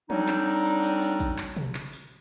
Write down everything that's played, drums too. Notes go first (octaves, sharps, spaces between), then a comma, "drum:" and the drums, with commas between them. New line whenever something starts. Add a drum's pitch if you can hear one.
D3 F#3 G3 C4 D4 D#4, drum: tom
drum: clap
drum: tambourine
drum: tambourine
drum: tambourine
drum: kick, tambourine
drum: clap
drum: tom B2
drum: clap
drum: tambourine